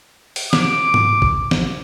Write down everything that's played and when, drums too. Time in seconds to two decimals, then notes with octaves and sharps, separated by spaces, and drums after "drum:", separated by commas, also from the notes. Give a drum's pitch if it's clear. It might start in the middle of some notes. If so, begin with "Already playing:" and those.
0.36 drum: open hi-hat
0.53 D6, drum: snare
0.94 drum: tom G#2
1.22 drum: kick
1.51 drum: snare